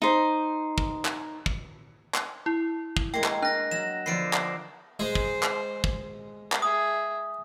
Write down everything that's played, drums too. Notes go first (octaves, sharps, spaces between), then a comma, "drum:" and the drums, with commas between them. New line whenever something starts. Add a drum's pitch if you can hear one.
D#4 C5
drum: kick
drum: clap
drum: kick
drum: clap
E4
drum: kick
G#3 A#3 G5
drum: clap
D4 F#6 A#6
F#3 E7
D3 F3 B3 C7 D7
drum: clap
G#3 C5
drum: kick
drum: clap
drum: kick
drum: clap
G#4 E5 D#6